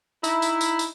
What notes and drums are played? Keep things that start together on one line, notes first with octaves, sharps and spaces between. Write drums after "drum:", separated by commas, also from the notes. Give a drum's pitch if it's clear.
D#4 E4, drum: tambourine
drum: tambourine
drum: tambourine
drum: tambourine